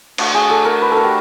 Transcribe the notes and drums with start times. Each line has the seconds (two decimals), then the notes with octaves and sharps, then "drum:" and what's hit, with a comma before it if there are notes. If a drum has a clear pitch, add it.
0.18 A3 D4 F#4, drum: cymbal
0.34 G#4
0.50 A4
0.65 A#4
0.82 B4
0.92 A4
0.97 A#4
1.04 G4